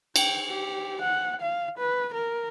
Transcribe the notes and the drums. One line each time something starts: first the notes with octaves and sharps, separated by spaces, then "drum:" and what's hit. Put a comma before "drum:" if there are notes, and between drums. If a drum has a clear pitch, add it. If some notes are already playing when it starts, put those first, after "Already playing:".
G5, drum: cymbal
G4
F#5
F5
B4
A#4